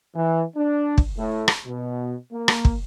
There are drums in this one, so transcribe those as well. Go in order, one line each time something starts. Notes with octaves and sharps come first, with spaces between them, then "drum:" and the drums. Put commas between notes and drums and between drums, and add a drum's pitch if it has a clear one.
E3
D4
drum: kick
A2
drum: rim click
B2
A#3
drum: rim click
drum: kick